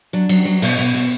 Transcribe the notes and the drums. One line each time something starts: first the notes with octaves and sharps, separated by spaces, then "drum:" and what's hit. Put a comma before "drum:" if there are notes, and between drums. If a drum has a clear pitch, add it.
F#3 D4
F#3, drum: cymbal
F#3
B2, drum: open hi-hat
B2
B2